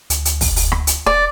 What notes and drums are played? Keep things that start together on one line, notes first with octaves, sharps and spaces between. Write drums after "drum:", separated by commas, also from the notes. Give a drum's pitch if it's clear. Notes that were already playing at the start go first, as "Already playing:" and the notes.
D2, drum: hi-hat
drum: hi-hat
drum: kick, open hi-hat
drum: open hi-hat
drum: rim click
drum: hi-hat
D#1 D5